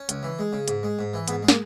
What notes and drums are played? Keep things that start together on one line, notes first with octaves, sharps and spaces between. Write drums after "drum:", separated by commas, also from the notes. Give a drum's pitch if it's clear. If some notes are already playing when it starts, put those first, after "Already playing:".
Already playing: C#4
C#2, drum: hi-hat
E3
G#3
C#3
G#2, drum: hi-hat
G#3
G#2
E3
G#2 B3, drum: hi-hat
G#3
A#3, drum: snare